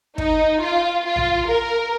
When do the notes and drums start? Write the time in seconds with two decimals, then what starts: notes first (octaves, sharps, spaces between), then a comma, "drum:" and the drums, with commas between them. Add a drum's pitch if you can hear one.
0.18 D#4, drum: kick
0.61 F4
1.05 F4
1.16 drum: tom A#1
1.48 A#4